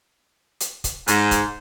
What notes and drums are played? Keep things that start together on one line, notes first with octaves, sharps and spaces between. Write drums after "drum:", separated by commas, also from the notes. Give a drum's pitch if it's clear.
drum: hi-hat
drum: kick, hi-hat
G#2, drum: hi-hat
drum: kick, hi-hat